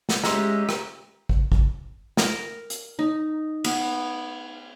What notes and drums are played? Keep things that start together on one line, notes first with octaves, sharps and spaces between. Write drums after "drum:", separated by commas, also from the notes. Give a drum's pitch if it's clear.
drum: snare
G#3 C#4 G4 E5 A#5 C6, drum: snare
drum: rim click
drum: kick
drum: kick
A#4, drum: snare
drum: hi-hat
D#4
B3, drum: cymbal